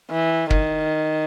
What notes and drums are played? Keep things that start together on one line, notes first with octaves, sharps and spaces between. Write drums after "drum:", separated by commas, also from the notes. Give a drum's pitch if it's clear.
E3
D#3, drum: kick